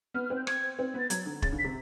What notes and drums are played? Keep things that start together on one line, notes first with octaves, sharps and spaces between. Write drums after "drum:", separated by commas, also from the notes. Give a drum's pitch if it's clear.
B3 F6
F6
C4
G6
G#6, drum: rim click
C4
B3
A6
F#3 G#6, drum: hi-hat
D3
C#3 A6, drum: kick
D3
B6
C3